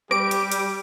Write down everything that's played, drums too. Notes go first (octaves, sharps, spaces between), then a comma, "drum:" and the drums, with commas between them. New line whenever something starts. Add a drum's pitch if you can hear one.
G3 G4 D6 D7, drum: rim click
drum: hi-hat
drum: hi-hat